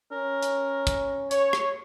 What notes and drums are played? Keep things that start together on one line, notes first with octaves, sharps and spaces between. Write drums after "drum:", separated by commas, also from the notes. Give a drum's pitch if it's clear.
C#4 A#4
drum: hi-hat
drum: kick, hi-hat
C#5, drum: hi-hat
drum: rim click